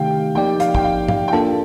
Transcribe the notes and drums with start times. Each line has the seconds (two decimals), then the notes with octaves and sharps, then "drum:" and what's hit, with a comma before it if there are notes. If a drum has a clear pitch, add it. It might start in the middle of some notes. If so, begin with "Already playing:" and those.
Already playing: C3 D#3 A3 D#4 G4 F5 G5
0.35 F3 A#3 D#4 G4 D5 G5
0.60 F5, drum: hi-hat
0.75 G5, drum: kick
0.84 F5
1.08 F5, drum: tom
1.28 G5
1.33 A#3 D4 F4 A4 A5